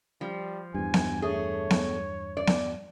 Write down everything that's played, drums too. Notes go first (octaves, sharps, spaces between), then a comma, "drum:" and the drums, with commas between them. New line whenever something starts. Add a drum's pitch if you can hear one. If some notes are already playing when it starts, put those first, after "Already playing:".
F3 G3
E2 G2 G#5
drum: snare B3
A3 G#4 C#5
drum: snare B3
D5
drum: snare B3